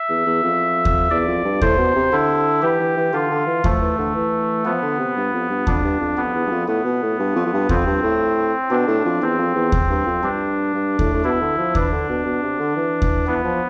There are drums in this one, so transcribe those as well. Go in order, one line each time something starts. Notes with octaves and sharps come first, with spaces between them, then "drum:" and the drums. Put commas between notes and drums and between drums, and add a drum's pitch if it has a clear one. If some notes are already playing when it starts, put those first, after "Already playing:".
Already playing: E5
E2
E2
F2
drum: kick D#2
E2 D5
F2
G2
A2 C5, drum: kick D#2
B2
C3
D3 E4
E3 G4
E3
E3
D3 F4
D3
E3
F3 A3, drum: kick D#2
E3
D3
E3
F3 B3
D3
C3
G2
F2
G2
F2 D4, drum: kick D#2
G2
F2
F2 B3
E2
G2
F2
A2 B3
B2
A2
G2
F2
F2
G2
F2 C4, drum: kick D#2
G2
A2
B2 D4
A2
F2
E2 C4
F2
E2
drum: kick D#2
G2
F2
G2 D4
G2
A2, drum: kick D#2
A2
B2 E4
D3
F3
E3 D4, drum: kick D#2
D3
B2
B2
C3
D3
E3
drum: kick D#2
E3 B3
F3